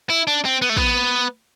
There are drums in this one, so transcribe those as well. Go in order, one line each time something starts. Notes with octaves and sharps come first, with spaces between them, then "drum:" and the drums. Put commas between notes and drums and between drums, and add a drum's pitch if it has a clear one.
E4
D4
C4
B3
A3
B3, drum: kick